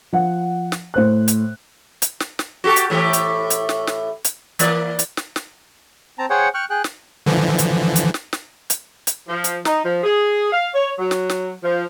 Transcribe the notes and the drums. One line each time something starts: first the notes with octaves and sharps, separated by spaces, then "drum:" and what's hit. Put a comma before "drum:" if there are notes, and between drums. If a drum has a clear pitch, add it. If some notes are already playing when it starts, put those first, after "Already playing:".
F3 F#5
drum: snare
A2 C5 F#6
drum: hi-hat
drum: hi-hat
drum: snare
drum: snare
F#4 G4 A4
drum: hi-hat
A2 E3 G4
drum: hi-hat
drum: hi-hat
drum: snare
drum: snare
drum: hi-hat
E3 A#3 D5, drum: hi-hat
drum: hi-hat
drum: snare
drum: snare
C4 A5 A#5
G#4 C5 C#5 F#5 G5
G5 C#6 F6 F#6
G#4 G5 F#6
drum: snare
D3 E3 F3
drum: hi-hat
drum: hi-hat
drum: snare
drum: snare
drum: hi-hat
drum: hi-hat
F3
drum: hi-hat
D#4, drum: snare
F3
G#4
F5
C#5
F#3
drum: snare
drum: snare
F3